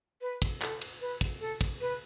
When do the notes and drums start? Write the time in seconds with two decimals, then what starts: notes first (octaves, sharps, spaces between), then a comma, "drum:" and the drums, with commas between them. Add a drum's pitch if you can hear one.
0.21 B4
0.42 drum: kick, cymbal
0.62 A4, drum: clap
0.81 drum: cymbal
1.01 B4
1.21 drum: kick, cymbal
1.40 A4
1.61 drum: kick, cymbal
1.81 B4